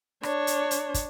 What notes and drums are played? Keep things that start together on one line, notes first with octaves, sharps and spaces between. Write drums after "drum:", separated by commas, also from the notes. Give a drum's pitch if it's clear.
D4 C#5, drum: rim click
drum: hi-hat
drum: hi-hat
drum: kick, hi-hat